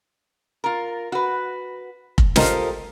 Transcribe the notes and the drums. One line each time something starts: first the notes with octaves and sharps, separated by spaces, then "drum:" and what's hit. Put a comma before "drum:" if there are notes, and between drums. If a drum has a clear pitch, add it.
F4 A#4
F#4 B4
drum: kick F1
F4 G4 A4 A#4 C5 D#5, drum: snare